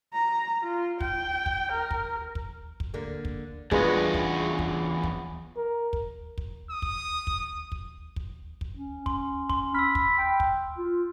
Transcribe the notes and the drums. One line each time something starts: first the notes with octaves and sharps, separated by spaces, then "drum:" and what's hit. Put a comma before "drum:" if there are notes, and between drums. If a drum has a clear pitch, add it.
A#5
F4
G5, drum: kick
drum: kick
A#4
drum: kick
drum: kick
drum: kick
D3 A#3
drum: kick
E2 G#3 B3 C#4 D4 F4 G#4, drum: kick
drum: kick
drum: kick
drum: kick
A#4
drum: kick
drum: kick
D#6
drum: kick
drum: kick
drum: kick
drum: kick
drum: kick
C#4
C6, drum: kick
C6, drum: kick
B5 E6 F6
drum: kick
G5
drum: kick
F4